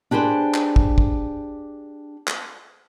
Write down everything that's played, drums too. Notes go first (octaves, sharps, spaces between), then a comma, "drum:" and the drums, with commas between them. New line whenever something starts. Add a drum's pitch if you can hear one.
D4 G4 G#4 B4 C5
drum: clap
drum: kick
drum: kick
drum: clap